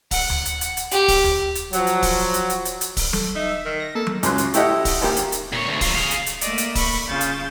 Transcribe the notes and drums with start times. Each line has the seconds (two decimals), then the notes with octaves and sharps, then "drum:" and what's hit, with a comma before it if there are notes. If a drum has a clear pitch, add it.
0.11 F#5, drum: kick, open hi-hat
0.30 drum: tom D2
0.45 drum: hi-hat
0.61 drum: hi-hat
0.77 drum: hi-hat
0.91 G4, drum: hi-hat
1.08 drum: kick, open hi-hat
1.24 drum: tom D2
1.55 drum: hi-hat
1.73 F3 F#3, drum: hi-hat
1.87 drum: hi-hat
2.02 drum: kick, open hi-hat
2.34 drum: hi-hat
2.50 drum: hi-hat
2.65 drum: hi-hat
2.81 drum: hi-hat
2.97 drum: kick, open hi-hat
3.13 A4, drum: tom F#3
3.35 D#4 E5
3.65 D#3
3.80 A#6
3.95 A#3 A4
4.07 drum: tom F#3
4.23 C#2 F#3 C6 F#6, drum: hi-hat
4.38 drum: hi-hat
4.54 A3 E4 G4 A4 D#5 F#5, drum: hi-hat
4.85 drum: kick, open hi-hat
5.02 G#1 A#3 G4
5.17 drum: hi-hat
5.32 drum: hi-hat
5.53 A#2 C#5
5.68 D2 B2
5.81 F#3 F4, drum: kick, open hi-hat
5.95 G#4 F5
6.11 drum: hi-hat
6.26 drum: hi-hat
6.41 A3 A#3 D5 D#5, drum: hi-hat
6.58 drum: hi-hat
6.75 B5 C#6, drum: kick, open hi-hat
7.08 C#3 F4 G6 A6
7.21 drum: hi-hat